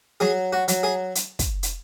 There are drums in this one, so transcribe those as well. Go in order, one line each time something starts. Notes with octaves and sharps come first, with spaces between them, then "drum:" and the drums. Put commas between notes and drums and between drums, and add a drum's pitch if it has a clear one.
F#3 G#4
F#4
F#3, drum: hi-hat
G#4
drum: hi-hat
drum: kick, hi-hat
drum: hi-hat